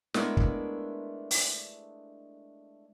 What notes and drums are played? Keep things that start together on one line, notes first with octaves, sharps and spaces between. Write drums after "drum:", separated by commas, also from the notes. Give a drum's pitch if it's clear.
G#3 A3 B3 D4 E4 A#4, drum: snare
drum: kick
drum: open hi-hat